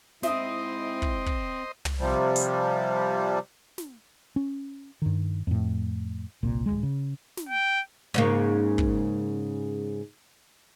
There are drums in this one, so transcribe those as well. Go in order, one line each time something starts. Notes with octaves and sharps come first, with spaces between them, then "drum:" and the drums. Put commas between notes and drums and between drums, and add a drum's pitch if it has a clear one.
G#2 G#3 C4 E4 C5 D#5 E5 D#6, drum: snare
drum: kick
drum: kick
drum: tom
C3 F3 G3
drum: hi-hat
drum: snare
C#4
G2 D#3
F2 A2
G1 C2 A#2
D1 G#1 G#3
C#3
drum: snare
G5
G#2 C#3 A#3
drum: kick